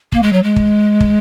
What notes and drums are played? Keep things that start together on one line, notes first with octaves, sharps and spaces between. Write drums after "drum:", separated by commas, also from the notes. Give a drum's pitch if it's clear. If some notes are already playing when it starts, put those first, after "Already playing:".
A#3, drum: kick
G#3
F#3
G#3
drum: kick
drum: kick